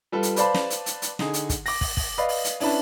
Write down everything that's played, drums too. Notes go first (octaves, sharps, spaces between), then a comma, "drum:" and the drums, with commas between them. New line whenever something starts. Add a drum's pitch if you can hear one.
G3 F4 A4 B4
drum: hi-hat
B4 C5 D5 F5 A5 B5, drum: hi-hat
drum: snare
drum: hi-hat
drum: hi-hat
drum: hi-hat
D3 D#4 G#4, drum: snare
drum: hi-hat
drum: kick, hi-hat
D6 A#6, drum: open hi-hat
drum: kick, open hi-hat
drum: kick, open hi-hat
B4 D5 D#5 F5 B5
drum: open hi-hat
drum: hi-hat
C#4 D4 E4 B4 A5, drum: open hi-hat